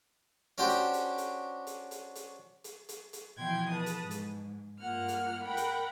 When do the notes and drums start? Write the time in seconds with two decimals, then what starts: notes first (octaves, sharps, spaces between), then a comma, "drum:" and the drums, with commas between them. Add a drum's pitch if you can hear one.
0.58 C#4 D4 F#4 G4 C5 G5
0.69 drum: hi-hat
0.93 drum: hi-hat
1.18 drum: hi-hat
1.67 drum: hi-hat
1.91 drum: hi-hat
2.15 drum: hi-hat
2.64 drum: hi-hat
2.89 drum: hi-hat
3.13 drum: hi-hat
3.37 B2 E3 F3 G5 C6 G#6
3.69 B4 A5 D#6
3.86 drum: hi-hat
4.01 G#2
4.11 drum: hi-hat
4.79 G2 A#3 F4 F#5 F6
5.08 drum: hi-hat
5.43 A#4 F#5 G5 B5
5.57 drum: hi-hat